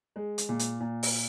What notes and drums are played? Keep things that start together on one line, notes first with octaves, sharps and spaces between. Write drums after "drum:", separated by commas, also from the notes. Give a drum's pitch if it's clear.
G#3
drum: hi-hat
A#2
drum: hi-hat
A#2
drum: open hi-hat